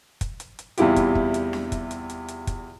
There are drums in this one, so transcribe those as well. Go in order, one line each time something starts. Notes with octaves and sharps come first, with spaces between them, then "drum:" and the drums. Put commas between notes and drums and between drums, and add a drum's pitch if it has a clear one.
drum: kick, hi-hat
drum: hi-hat
drum: hi-hat
E2 C3 G3 E4 F4 G4, drum: hi-hat
drum: kick, hi-hat
drum: kick
drum: hi-hat
drum: snare D4
drum: kick, hi-hat
drum: hi-hat
drum: hi-hat
drum: hi-hat
drum: kick, hi-hat